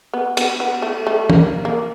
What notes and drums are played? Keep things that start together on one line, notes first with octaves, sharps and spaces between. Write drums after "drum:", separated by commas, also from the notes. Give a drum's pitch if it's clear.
B3
B3, drum: cymbal
B3
A3
A3
A#3, drum: tom
A#3